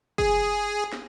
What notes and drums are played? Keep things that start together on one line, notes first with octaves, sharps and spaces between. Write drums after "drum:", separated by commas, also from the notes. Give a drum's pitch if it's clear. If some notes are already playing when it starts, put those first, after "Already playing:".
G#4, drum: kick F#1
drum: snare